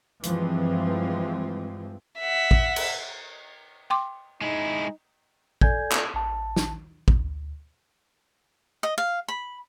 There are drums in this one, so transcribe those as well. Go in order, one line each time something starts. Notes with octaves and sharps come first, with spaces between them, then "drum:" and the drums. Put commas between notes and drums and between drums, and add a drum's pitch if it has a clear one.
G2 E3 F3 G#3 C4, drum: hi-hat
E5 F#5
drum: kick
drum: cymbal
G5 C6 D6
G#3 D#4 E4
A4 D5 G#5 G6 G#6, drum: kick
drum: clap
A1 A5
drum: snare
D2, drum: kick
D#5
F5
B5